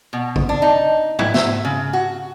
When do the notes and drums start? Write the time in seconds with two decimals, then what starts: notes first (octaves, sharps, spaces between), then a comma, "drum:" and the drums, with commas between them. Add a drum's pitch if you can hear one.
0.13 B2
0.36 drum: kick A1
0.49 D4
0.62 D#4
1.19 E4, drum: tom
1.34 E5, drum: snare
1.65 C#3
1.93 F#4